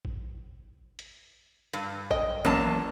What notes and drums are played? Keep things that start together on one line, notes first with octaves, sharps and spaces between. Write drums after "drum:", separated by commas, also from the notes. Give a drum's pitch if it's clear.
drum: kick G#1
drum: hi-hat
G2, drum: hi-hat
D#5 G5, drum: kick G#1
E2 F#3 A#3 C#4 A5, drum: kick G#1